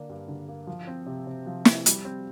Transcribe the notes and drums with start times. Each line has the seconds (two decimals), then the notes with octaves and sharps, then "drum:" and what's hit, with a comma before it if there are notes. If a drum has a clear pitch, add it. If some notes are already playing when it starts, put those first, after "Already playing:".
Already playing: D3 A#3 D4
0.09 G2
0.28 D3
0.48 A#3
0.67 F3
0.87 C4
1.07 C3
1.27 C3
1.47 F3
1.65 C4, drum: snare
1.86 G3, drum: hi-hat
2.05 C4